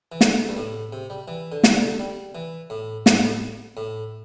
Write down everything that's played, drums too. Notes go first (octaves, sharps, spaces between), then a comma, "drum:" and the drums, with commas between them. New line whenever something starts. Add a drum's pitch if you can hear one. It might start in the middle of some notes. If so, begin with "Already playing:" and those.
E3
D3, drum: snare
G2
A2
C3
G3
E3
D3
C3, drum: snare
D3
G3
E3
A2
A2, drum: snare
A2
A2